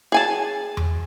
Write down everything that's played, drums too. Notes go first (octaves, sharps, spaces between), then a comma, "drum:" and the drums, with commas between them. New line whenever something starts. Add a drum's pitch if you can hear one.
G#4 G#5 A5
drum: tom E2